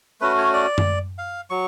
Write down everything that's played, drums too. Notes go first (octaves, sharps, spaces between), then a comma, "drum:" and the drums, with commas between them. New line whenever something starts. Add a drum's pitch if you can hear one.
A3 C#4 F#4 B4
C#5
D5
drum: tom F#2
F5
F#3 C#6